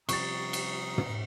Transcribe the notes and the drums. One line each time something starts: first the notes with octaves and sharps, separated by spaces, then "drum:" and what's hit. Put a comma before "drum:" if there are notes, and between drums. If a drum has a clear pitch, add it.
C3 F3 G3 A#5 C#6 D#6 A6, drum: cymbal
drum: cymbal
drum: tom